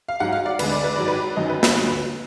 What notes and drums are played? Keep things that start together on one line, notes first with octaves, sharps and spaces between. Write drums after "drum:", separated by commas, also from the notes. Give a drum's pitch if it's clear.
F5
G#2 F#3 F#5
F5
D5
D2 D3 G#3 B4, drum: cymbal
D5
B4
G#2 D#3 F#3 D5
B4
F#2 D#3 F#3 D#5
B4
B4, drum: snare
D2 D3 F#3 B4